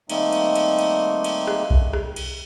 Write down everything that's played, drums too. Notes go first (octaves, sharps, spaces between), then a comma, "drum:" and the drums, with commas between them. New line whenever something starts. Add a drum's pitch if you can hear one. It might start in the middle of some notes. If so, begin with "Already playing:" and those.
D#3 G3 A3 A#3 C4 D#4, drum: cymbal
drum: cymbal
drum: cymbal
drum: cymbal
drum: cymbal
drum: rim click
drum: kick B1
drum: rim click
drum: cymbal